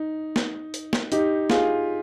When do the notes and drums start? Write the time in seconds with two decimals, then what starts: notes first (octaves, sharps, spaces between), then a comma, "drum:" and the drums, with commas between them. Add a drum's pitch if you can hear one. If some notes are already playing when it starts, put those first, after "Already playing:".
Already playing: D#4
0.36 drum: snare
0.74 drum: hi-hat
0.93 drum: snare
1.12 D#4 G4, drum: hi-hat
1.50 F4 G#4, drum: snare